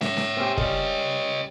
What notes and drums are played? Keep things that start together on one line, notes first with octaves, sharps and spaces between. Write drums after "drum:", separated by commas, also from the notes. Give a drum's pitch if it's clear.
C#5 E5, drum: snare
drum: snare
C4 C#4 G4
C#3 G3 C#5 D#5, drum: kick